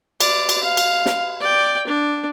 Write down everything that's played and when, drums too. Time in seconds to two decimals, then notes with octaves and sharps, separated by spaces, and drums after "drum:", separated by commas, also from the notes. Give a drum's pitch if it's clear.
0.21 D5, drum: cymbal
0.49 drum: cymbal
0.63 F5
0.77 drum: cymbal
1.06 drum: snare
1.40 D5 G5
1.87 D4